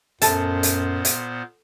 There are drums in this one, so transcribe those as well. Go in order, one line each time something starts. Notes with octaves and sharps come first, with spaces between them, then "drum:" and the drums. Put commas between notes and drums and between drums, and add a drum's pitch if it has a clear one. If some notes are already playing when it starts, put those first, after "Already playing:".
F#2 A#2 B3 A4 C5 A5, drum: hi-hat
drum: hi-hat
drum: hi-hat